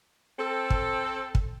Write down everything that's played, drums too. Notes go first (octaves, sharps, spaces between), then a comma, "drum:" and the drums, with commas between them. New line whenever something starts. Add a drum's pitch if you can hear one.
C4 A4
drum: kick
drum: kick